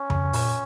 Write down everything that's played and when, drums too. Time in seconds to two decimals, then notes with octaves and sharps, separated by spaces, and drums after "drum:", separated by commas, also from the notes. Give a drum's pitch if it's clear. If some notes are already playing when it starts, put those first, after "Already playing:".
Already playing: C#4
0.10 C#3, drum: tom F2
0.33 A#2, drum: open hi-hat